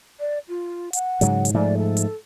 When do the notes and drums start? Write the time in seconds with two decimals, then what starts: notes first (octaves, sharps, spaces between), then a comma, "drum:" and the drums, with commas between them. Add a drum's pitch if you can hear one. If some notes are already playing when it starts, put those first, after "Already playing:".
0.20 D5
0.49 F4
0.93 F#5, drum: hi-hat
1.21 G#2 C#3 F#3, drum: hi-hat
1.45 drum: hi-hat
1.54 G#2 F3 A3 D5
1.78 A4
1.97 drum: hi-hat